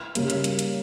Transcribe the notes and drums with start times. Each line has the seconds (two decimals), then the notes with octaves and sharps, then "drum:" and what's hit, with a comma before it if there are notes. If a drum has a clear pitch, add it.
0.15 C#3 G3 A#3, drum: hi-hat
0.30 drum: hi-hat
0.44 drum: hi-hat
0.59 drum: hi-hat